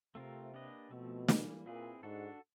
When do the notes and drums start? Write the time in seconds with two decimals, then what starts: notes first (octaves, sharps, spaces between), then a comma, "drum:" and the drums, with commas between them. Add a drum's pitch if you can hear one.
0.15 C3 A3 C4 F4 A#4
0.54 A#3 D4 G4 B4 D#5
0.91 B2 F3 A3 C4
1.28 E3 G3 A#3, drum: snare
1.66 A#2 C4 E4 G#4 B4
2.03 G#2 D4 F#4 A4